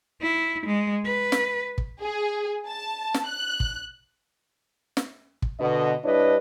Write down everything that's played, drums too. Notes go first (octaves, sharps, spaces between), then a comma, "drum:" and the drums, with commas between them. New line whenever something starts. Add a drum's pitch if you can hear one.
E4
G#3
B4
drum: snare
drum: kick
G#4
A5
drum: snare
F#6
drum: kick
drum: snare
drum: kick
B2 D3 D#5
G2 D4 E4 B4 C#5 D#5